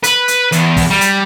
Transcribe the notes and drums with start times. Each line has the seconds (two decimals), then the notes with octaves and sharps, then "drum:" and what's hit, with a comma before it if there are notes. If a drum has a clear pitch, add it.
0.04 B4, drum: hi-hat
0.28 drum: hi-hat
0.52 E2, drum: hi-hat
0.77 drum: kick, open hi-hat
0.90 G3
1.01 drum: hi-hat